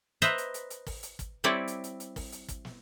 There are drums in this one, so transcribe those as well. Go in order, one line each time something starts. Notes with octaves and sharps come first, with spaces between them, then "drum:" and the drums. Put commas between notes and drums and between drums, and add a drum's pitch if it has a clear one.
B4 C5 D#5 E5 A#5, drum: hi-hat
drum: hi-hat
drum: hi-hat
drum: hi-hat
drum: kick, open hi-hat
drum: hi-hat
drum: kick, hi-hat
G3 C4 E4 C#5 D5
drum: hi-hat
drum: hi-hat
drum: hi-hat
drum: kick, open hi-hat
drum: hi-hat
drum: kick, hi-hat
drum: snare